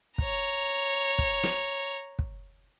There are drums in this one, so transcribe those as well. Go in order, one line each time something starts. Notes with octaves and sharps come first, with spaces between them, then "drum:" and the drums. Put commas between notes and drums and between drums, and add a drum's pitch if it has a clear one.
C#5 A#5, drum: kick
drum: kick
drum: snare
drum: kick